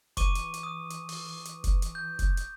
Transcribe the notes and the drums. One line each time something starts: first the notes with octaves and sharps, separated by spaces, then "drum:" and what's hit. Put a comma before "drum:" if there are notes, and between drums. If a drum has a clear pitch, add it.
E3 C#6 D6 D#7, drum: kick F1, hi-hat
drum: hi-hat
drum: hi-hat
D#6
drum: hi-hat
drum: open hi-hat
drum: hi-hat
drum: kick F1, hi-hat
drum: hi-hat
G6
drum: kick F1, hi-hat
drum: hi-hat